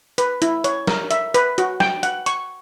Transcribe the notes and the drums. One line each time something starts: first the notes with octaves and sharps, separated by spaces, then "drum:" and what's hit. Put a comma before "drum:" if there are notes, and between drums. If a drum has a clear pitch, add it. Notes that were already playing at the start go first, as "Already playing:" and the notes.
B4, drum: hi-hat
E4, drum: hi-hat
C#5, drum: hi-hat
A#4, drum: snare
E5, drum: hi-hat
B4, drum: hi-hat
F#4, drum: hi-hat
G5, drum: snare
F#5, drum: hi-hat
C#6, drum: hi-hat